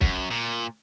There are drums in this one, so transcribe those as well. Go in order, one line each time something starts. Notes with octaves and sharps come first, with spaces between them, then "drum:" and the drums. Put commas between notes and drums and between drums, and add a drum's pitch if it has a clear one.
F#2, drum: kick
A#2